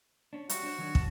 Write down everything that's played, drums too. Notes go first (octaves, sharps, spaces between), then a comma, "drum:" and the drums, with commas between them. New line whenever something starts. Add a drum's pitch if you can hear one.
C#4 D4
G3 F#4, drum: hi-hat
D4 C5
D#3 F#3 D4
A5, drum: kick